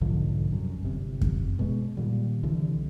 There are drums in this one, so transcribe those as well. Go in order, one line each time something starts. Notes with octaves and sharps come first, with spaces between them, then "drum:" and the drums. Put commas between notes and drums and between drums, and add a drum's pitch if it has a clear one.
B1 G#2 D3 F3
C2 F#2
G1 C3
drum: kick F#2
B2 G#3
A#2 D#3 G3
C2 D3 E3 G3